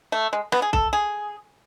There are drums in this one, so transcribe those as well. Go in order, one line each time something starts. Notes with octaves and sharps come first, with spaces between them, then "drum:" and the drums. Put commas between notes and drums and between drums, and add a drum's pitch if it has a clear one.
A3
G#3
B3, drum: rim click
G#4
A4, drum: kick
G#4